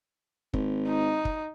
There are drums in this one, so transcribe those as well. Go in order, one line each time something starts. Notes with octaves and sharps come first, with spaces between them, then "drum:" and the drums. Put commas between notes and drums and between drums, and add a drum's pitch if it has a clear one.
G#1, drum: kick
D#4
drum: kick